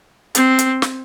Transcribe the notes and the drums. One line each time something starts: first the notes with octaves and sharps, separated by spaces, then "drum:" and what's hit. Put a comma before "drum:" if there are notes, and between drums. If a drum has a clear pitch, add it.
C4, drum: hi-hat
drum: hi-hat
drum: snare